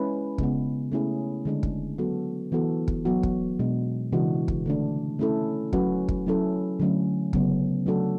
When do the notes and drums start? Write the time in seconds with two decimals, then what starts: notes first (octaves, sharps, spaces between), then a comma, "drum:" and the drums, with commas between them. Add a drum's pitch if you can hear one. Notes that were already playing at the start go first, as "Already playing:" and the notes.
Already playing: G#3 C#4 E4 B4
0.38 C#3 G#3 B3, drum: kick
0.92 A3 C#4 E4 G#4
1.45 D3 G#3 D4
1.63 drum: kick
1.98 F#3 B3 F#4 A4
2.52 E3 B3 F#4 A4
2.88 drum: kick
3.05 F#3 B3 F#4
3.23 drum: kick
3.59 B2 G#3 D4
4.12 C#3 E3 G#3 D4 F#4
4.48 drum: kick
4.66 D3 A3 D4
5.19 A3 C#4 E4 A4
5.73 F#3 C#4 F#4 B4, drum: kick
6.08 drum: kick
6.27 F#3 C#4 E4 A4
6.80 D3 F#3 A3 C#4
7.33 C#3 F#3 B3, drum: kick
7.86 F#3 A3 D4 F#4 A4